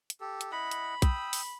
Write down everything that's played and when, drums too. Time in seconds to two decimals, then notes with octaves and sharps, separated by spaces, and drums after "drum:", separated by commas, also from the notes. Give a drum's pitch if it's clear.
0.10 drum: hi-hat
0.20 G4 A4
0.41 drum: hi-hat
0.52 E4 D#5 F#5 B5
0.71 drum: hi-hat
1.02 G5 D#6 E6, drum: kick B1, hi-hat
1.33 drum: open hi-hat